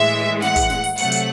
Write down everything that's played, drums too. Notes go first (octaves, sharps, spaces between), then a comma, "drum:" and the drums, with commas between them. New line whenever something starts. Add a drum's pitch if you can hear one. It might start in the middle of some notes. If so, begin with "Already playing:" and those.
Already playing: A2 E3 G#3 E5
F#5, drum: snare
drum: kick, hi-hat
drum: snare
drum: open hi-hat
C3 F#3 A3 F#5, drum: hi-hat
drum: hi-hat